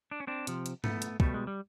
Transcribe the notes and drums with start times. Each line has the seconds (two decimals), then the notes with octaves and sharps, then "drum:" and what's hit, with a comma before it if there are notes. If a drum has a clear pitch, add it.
0.11 D4
0.20 C#4
0.27 C4 D4
0.47 C3 F3, drum: hi-hat
0.66 drum: hi-hat
0.84 A3 B3, drum: tom G#2
1.02 drum: hi-hat
1.20 B2 G3 A3, drum: kick
1.34 G#3
1.47 G3